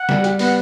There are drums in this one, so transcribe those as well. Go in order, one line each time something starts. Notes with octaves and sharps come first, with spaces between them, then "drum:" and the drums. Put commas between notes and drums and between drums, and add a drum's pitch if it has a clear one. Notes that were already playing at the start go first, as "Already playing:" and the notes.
Already playing: F#5
G3, drum: snare
G4, drum: hi-hat
B3 F#5, drum: open hi-hat